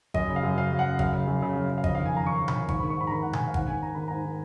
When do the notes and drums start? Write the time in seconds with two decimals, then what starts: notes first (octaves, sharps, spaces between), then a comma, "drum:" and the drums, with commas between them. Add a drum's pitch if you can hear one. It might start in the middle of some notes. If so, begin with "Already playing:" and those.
0.14 F#2 D#5, drum: kick G#1
0.29 C#3
0.36 F5
0.43 F#2
0.57 C#3 F5
0.72 F#2
0.79 F#5
0.86 C#3
0.99 F#2 F5, drum: kick G#1
1.13 C#3
1.28 F#2
1.42 C#3
1.56 F#2
1.70 C#3
1.78 F5
1.84 F2 D#5, drum: kick G#1
1.95 F5
1.98 D#3
2.06 G#5
2.13 F2 A#5
2.26 D#3 C#6
2.41 F2
2.48 B5, drum: tom B2
2.55 D#3
2.69 G#2 C#6, drum: kick G#1
2.80 B5
2.83 D#3
2.90 C#6
2.97 G#2 B5
3.07 A#5
3.11 D#3 B5
3.22 G#2 F#5
3.33 G#5, drum: tom B2
3.39 D#3
3.48 F5
3.54 G#2 F#5, drum: kick G#1
3.68 D#3 G#5
3.82 G#2 A#5
3.95 D#3 B5
4.08 G#2 A#5
4.24 D#3